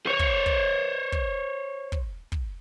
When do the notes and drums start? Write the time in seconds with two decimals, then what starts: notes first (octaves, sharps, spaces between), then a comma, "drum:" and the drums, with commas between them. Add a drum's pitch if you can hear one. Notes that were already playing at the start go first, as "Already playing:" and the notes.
0.06 C5 C#5
0.19 drum: kick
0.46 drum: kick
1.12 drum: kick
1.92 drum: kick
2.32 drum: kick